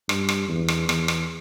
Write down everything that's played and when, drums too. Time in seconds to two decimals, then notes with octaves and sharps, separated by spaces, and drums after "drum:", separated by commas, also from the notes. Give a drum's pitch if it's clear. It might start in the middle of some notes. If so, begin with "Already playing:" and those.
0.09 G2, drum: rim click
0.29 drum: rim click
0.49 E2
0.68 drum: rim click
0.89 E2, drum: rim click
1.08 drum: rim click